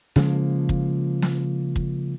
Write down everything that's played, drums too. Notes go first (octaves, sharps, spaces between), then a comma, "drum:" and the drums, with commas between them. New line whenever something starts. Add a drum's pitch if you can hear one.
C#3 F3 G#3 A#3, drum: snare
drum: kick
drum: snare
drum: kick